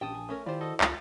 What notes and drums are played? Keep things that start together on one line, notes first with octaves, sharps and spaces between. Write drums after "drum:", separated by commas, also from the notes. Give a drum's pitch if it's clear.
A#1 F3 C#4 G4 G5 A5 D#6
G#5
A3 C#4 A#4
D#3 E4 F4 G4 C5 D5
F#4 A4 D#5
C#2 D#3 F4 A6, drum: clap